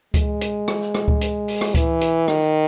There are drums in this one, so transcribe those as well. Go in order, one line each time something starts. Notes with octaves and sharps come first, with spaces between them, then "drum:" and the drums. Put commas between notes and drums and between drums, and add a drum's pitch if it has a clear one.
G#3, drum: kick C#2, hi-hat
drum: hi-hat
drum: rim click
drum: rim click
drum: kick C#2
drum: hi-hat
drum: open hi-hat
drum: rim click
E3, drum: kick C#2, hi-hat
drum: hi-hat
D#3, drum: rim click